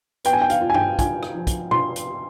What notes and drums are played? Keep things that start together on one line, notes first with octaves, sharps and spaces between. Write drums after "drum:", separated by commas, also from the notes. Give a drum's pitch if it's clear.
B3 G5, drum: hi-hat
G#5
G5
F5, drum: hi-hat
F4
G#5
G5, drum: tom G2
F4 G#5, drum: kick, hi-hat
drum: rim click
F3
drum: kick, hi-hat
F4 C6, drum: tom
drum: hi-hat